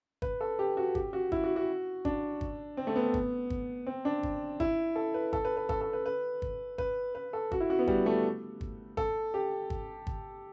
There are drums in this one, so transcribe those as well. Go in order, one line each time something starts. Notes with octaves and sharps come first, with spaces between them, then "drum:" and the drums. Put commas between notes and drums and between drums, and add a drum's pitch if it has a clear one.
B4, drum: kick
A4
G4
F#4
G4, drum: kick
F#4
E4, drum: kick
F#4
F#4
D4, drum: kick
drum: kick
C4
A3
B3
drum: kick
drum: kick
C4
D4
drum: kick
E4, drum: kick
A4
B4
A4, drum: kick
B4
B4
A4, drum: kick
A4
B4
B4
drum: kick
B4, drum: kick
B4
A4
F#4, drum: kick
E4
F#4
B3
G3, drum: kick
A3
drum: kick
A4, drum: kick
G4
drum: kick
drum: kick